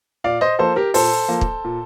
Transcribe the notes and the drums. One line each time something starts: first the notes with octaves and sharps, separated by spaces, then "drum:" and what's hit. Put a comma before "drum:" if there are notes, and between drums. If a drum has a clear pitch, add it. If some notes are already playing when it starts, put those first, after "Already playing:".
A#2 D5 F5
C5 D#5
F3 A#3 A4 C5
G4 A#4
A#2 A4 C5, drum: open hi-hat
F3 A#3
drum: kick
A#2